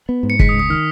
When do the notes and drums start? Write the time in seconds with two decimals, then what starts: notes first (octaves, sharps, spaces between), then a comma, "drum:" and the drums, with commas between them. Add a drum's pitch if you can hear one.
0.09 B3
0.23 G#2
0.30 C#7
0.39 G#3 B6, drum: kick
0.49 D#6
0.54 C#2
0.59 D#6
0.70 D#3 F6